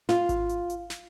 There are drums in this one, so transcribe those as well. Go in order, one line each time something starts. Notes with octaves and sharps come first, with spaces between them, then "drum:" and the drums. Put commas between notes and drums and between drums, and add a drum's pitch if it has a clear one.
F4, drum: snare
drum: kick G#1, hi-hat
drum: hi-hat
drum: hi-hat
drum: snare